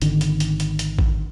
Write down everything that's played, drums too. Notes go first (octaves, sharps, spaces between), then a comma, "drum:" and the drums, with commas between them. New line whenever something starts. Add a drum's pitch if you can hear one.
G#1 D3 D#3, drum: hi-hat
drum: hi-hat
drum: hi-hat
drum: hi-hat
drum: hi-hat
drum: kick A1